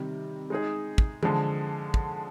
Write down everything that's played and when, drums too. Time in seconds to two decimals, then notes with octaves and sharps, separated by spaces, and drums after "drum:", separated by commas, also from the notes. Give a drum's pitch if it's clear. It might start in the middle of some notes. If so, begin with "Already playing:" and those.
Already playing: C3 D#3 G3
0.50 G#3 D#4 G#4
0.98 drum: kick
1.23 D3 F3 G#3, drum: tom E3
1.94 drum: kick